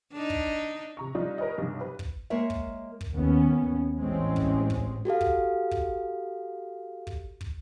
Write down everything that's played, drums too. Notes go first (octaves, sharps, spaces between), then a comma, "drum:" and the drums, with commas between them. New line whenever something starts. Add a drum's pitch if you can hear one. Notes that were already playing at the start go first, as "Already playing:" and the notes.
D4 D#4
drum: kick
C3 A#5 C#6
G3 D4 D#4 F4
A#4 B4 C#5 D#5
B1 G2 C3
B4
drum: kick
G#3 A#3 A#4 C#5 E5
drum: kick
drum: kick
D#2 B3 C#4
A1 E3 G#3 C4 C#4
drum: kick
drum: kick
F#4 G4 A4 F5
drum: kick
drum: kick
drum: kick
drum: kick